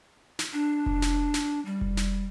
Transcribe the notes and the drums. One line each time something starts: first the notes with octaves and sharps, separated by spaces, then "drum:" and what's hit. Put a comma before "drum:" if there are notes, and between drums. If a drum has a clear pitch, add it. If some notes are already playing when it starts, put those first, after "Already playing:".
drum: snare
D4
drum: kick F1
drum: snare
drum: snare
G3
drum: kick F1
drum: snare